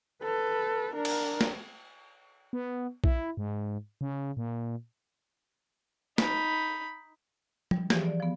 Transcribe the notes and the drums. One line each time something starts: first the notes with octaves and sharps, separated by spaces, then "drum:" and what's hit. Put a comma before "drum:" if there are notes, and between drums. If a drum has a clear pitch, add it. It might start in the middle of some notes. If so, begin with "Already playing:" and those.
A4 B4
D4 A#4
drum: cymbal
drum: snare
B3
E4, drum: kick A#1
G#2
C#3
A#2
D#4 B5, drum: snare
G3, drum: tom
E3 F3 G4 G#4, drum: snare
D5
F3 B3